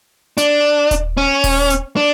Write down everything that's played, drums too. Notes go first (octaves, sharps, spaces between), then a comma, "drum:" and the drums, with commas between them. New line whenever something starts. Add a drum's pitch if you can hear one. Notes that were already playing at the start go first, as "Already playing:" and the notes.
D4, drum: hi-hat
drum: kick D#1, hi-hat
C#4
drum: kick D#1, open hi-hat
drum: hi-hat
D4